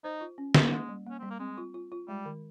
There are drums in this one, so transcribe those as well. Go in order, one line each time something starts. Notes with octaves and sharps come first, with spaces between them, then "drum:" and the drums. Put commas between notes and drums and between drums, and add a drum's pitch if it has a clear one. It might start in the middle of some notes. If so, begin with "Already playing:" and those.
D#4 C5
F4
C#4
C#4, drum: snare
G#3 A#3
G3
A#3 C#4
G3 C4
A#3
G#3 C4
F4
F4
F4
G3 G#3
D#3